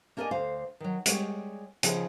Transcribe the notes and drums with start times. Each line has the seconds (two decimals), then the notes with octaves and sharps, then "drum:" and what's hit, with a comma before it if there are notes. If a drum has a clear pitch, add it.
0.17 A#3 D4 A#4 D5 D#5 G#5
0.31 D2 C5 F5
0.80 D#3 F#3
1.06 G3 G#3 C#5, drum: hi-hat
1.83 C#3 F3 D#4 G#4 C5, drum: hi-hat